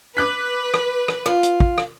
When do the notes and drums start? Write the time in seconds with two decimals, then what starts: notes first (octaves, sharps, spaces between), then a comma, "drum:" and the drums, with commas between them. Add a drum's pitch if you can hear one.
0.17 B4 D6 F#6 B6
0.74 drum: rim click
1.08 drum: rim click
1.26 F4 F5, drum: rim click
1.43 drum: hi-hat
1.60 drum: kick
1.78 drum: rim click